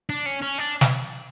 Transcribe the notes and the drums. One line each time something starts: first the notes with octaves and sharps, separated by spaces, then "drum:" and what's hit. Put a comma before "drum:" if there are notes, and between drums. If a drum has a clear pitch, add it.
D4
C#4
C#4
D4
drum: snare